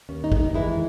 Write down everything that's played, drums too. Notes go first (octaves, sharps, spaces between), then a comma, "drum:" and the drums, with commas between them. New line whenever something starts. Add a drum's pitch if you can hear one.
D#2 C#4
D#4
D#3, drum: kick
D#4
E3 G#3 E4